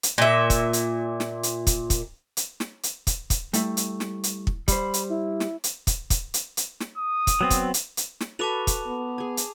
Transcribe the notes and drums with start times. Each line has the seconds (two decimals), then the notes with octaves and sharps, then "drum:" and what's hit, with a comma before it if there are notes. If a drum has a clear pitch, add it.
0.03 drum: hi-hat
0.18 A#2 E5
0.50 drum: kick, hi-hat
0.73 drum: hi-hat
1.20 drum: snare
1.43 drum: hi-hat
1.67 drum: kick, hi-hat
1.90 drum: kick, hi-hat
2.37 drum: hi-hat
2.60 drum: snare
2.83 drum: hi-hat
3.07 drum: kick, hi-hat
3.30 drum: kick, hi-hat
3.53 G3 A3 E4, drum: hi-hat
3.77 drum: hi-hat
4.00 drum: snare
4.24 drum: hi-hat
4.47 drum: kick
4.68 G3 C5 B5, drum: kick, hi-hat
4.94 drum: hi-hat
5.09 E4
5.40 drum: snare
5.64 drum: hi-hat
5.87 drum: kick, hi-hat
6.10 drum: kick, hi-hat
6.34 drum: hi-hat
6.57 drum: hi-hat
6.80 drum: snare
6.98 D#6
7.27 drum: kick, hi-hat
7.41 F#3 B3 C4
7.50 drum: kick, hi-hat
7.74 drum: hi-hat
7.97 drum: hi-hat
8.20 drum: snare
8.39 F#4 A4 B4 A5 D6 F7
8.67 drum: kick, hi-hat
8.87 B3
9.18 G#4 G#5
9.37 drum: hi-hat